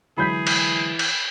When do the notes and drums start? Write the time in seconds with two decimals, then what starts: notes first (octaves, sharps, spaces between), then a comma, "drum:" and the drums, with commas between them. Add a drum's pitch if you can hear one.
0.18 D3 E3 F#3 G#3 G#4 B5 G6 B6
0.47 drum: cymbal
0.99 drum: cymbal